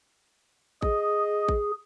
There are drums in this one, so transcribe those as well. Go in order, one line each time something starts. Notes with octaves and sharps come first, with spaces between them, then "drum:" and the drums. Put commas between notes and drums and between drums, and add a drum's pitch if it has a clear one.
G#4 D#5, drum: kick A1
drum: kick A1